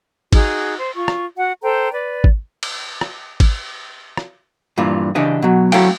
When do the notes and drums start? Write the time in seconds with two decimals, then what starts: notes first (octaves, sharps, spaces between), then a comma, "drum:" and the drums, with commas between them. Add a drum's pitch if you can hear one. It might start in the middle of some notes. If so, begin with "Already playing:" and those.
0.33 D#4 F#4 G#4, drum: kick G#1, cymbal
0.78 C5
0.95 F4 C#6
1.08 drum: rim click
1.38 F#4 F#5
1.62 A4 C5 G5 A#5
1.92 B4 D5
2.24 drum: kick G#1
2.63 drum: cymbal
3.01 drum: rim click
3.40 drum: kick G#1, cymbal
4.17 drum: rim click
4.78 G2 A#2 E3 F4
5.15 C#3 E3 D4 G4 D#5
5.42 B2 F#3
5.72 F#3 A3 C#4 E4 F5 G5, drum: cymbal